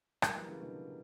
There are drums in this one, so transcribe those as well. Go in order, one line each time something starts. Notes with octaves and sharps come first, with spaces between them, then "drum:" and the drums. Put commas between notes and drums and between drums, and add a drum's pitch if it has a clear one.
F#3 A#3, drum: rim click
E3 G3
C#3 E3
B2 D3